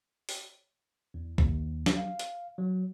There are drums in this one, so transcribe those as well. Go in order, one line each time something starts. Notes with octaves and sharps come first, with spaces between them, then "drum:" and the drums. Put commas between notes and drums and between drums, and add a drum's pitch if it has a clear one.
drum: open hi-hat
E2
D#2, drum: kick B1
F#3, drum: snare
F5
drum: hi-hat
F#3